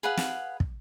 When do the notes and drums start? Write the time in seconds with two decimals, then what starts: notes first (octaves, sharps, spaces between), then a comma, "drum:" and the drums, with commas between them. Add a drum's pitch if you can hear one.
0.03 G#4 B4 F5 F#5
0.17 drum: snare
0.60 drum: kick